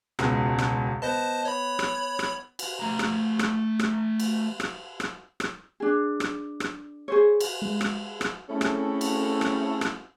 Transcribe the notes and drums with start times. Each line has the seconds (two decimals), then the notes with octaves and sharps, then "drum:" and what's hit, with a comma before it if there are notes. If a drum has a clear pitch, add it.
0.19 E1 C#2 B2, drum: rim click
0.58 drum: rim click
1.02 B3 C5 D#5 A5
1.45 C#5 B5
1.79 drum: rim click
2.19 drum: rim click
2.59 drum: cymbal
2.80 A3 A#5
2.99 drum: rim click
3.39 drum: rim click
3.79 drum: rim click
4.20 drum: cymbal
4.60 drum: rim click
5.00 drum: rim click
5.40 drum: rim click
5.80 D4 G#4
6.20 drum: rim click
6.60 drum: rim click
7.08 G#4 C5 C#5
7.40 drum: cymbal
7.62 G#3
7.81 drum: rim click
8.21 drum: rim click
8.49 A3 C4 C#4 E4 G#4 A4
8.61 drum: rim click
9.01 drum: cymbal
9.41 drum: rim click
9.81 drum: rim click